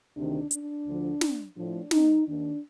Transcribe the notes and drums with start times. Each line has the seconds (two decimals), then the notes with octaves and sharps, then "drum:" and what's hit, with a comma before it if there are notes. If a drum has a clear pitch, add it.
0.16 D2 C3 D#3 D4
0.51 D4, drum: hi-hat
0.86 D2 D3 F3
1.21 drum: snare
1.56 A2 F3 D4
1.91 D#4, drum: snare
2.26 D#2 D#3 D4